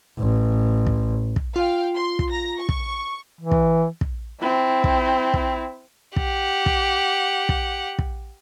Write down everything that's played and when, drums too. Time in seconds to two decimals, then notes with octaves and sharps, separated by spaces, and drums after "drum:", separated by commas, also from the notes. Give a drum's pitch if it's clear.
0.19 A1
0.87 drum: kick
1.36 drum: kick
1.56 F4 F5 G5
1.96 C6
2.19 drum: kick
2.30 A#5 A#6
2.60 C#6
2.69 drum: kick
3.41 E3
3.51 drum: kick
4.01 drum: kick
4.40 C4 E4
4.84 drum: kick
5.34 drum: kick
6.16 G4 F#5, drum: kick
6.66 drum: kick
7.49 drum: kick
7.99 drum: kick